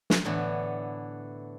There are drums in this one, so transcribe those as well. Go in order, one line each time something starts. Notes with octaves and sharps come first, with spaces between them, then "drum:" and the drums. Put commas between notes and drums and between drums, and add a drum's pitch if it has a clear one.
drum: snare
A2 D3 E3 B3